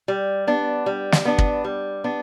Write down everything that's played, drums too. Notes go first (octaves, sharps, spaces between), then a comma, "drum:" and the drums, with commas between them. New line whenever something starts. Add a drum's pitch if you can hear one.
G3
B3 D4
G3
drum: snare
B3 D4
drum: kick
G3
B3 D4